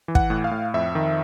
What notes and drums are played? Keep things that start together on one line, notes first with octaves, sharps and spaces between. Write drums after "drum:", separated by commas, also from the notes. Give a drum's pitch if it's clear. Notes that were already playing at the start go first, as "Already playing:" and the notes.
E3
F#5, drum: kick
A2
F5
A2
F2 E5
D#3